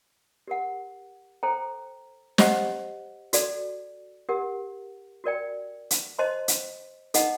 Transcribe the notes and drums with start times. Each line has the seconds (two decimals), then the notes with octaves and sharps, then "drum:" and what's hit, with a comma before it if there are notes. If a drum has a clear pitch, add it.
0.48 G4 A#4 F#5
1.43 A4 C5 G5 A#5
2.38 G4 C5 D#5 F#5, drum: snare
3.33 F#4 A4 D5, drum: hi-hat
4.29 G4 A#4 F#5
5.24 F#4 A#4 D5 G5
5.91 drum: hi-hat
6.19 C5 D#5 A5 C6
6.48 drum: hi-hat
7.14 D#4 A4 D#5 F#5, drum: hi-hat